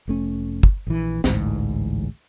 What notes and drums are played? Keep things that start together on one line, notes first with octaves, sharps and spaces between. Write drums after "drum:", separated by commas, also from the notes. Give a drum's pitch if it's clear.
F1 A3 C#4
drum: kick
A#1 E3
A1 D2 G#2 E3, drum: snare